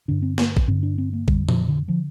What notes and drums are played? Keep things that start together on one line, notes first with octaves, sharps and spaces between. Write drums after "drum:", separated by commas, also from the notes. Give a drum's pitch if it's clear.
G2 D3 D4
C4
A#3, drum: snare
drum: kick A1
G2 D3 C4
D4
C4
A#3
F2 D3 G3, drum: kick A1
F3, drum: tom A#2
D3
D3 F3